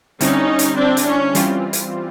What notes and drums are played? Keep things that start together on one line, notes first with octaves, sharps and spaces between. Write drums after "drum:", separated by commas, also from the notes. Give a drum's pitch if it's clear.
D3 G3 C4 C#4 D#4 E4, drum: hi-hat
drum: hi-hat
C4 D4
drum: hi-hat
C#4
E3 G3 C4 F4, drum: hi-hat
drum: hi-hat